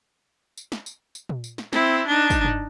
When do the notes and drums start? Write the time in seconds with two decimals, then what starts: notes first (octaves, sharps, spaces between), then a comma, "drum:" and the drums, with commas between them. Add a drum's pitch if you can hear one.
0.57 drum: tambourine
0.72 drum: snare
0.86 drum: tambourine
1.15 drum: tambourine
1.29 drum: tom A#2
1.44 drum: tambourine
1.58 drum: snare
1.73 C4 E4, drum: snare
2.07 D4 D#4
2.30 drum: kick, tambourine
2.45 drum: tom G2